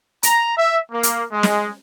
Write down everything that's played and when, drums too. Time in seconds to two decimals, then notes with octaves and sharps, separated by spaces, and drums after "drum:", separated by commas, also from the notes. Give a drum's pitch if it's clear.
0.23 A#5, drum: hi-hat
0.57 E5
0.92 A#3
1.03 drum: hi-hat
1.32 G#3
1.43 drum: snare